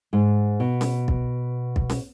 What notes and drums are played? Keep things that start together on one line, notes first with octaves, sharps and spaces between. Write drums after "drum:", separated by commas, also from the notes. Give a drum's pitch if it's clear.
G#2
B2
drum: snare C#4
drum: kick
drum: kick
drum: snare C#4